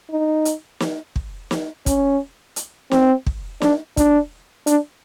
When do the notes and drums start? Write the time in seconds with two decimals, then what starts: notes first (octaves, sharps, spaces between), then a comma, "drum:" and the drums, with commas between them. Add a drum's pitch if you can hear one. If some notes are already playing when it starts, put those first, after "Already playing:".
0.10 D#4
0.45 drum: hi-hat
0.80 drum: snare
1.16 drum: kick
1.51 drum: snare
1.86 C#4, drum: kick, hi-hat
2.56 drum: hi-hat
2.91 C4, drum: snare
3.26 drum: kick
3.62 D4, drum: snare
3.97 D4, drum: kick, hi-hat
4.67 D4, drum: hi-hat